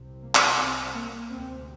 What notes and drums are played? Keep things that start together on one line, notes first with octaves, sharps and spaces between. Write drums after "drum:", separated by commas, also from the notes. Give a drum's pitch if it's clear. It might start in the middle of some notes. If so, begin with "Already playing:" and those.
Already playing: C2 C3
A#3
drum: clap
C2 C3 C4
A#3
D2 C3 C4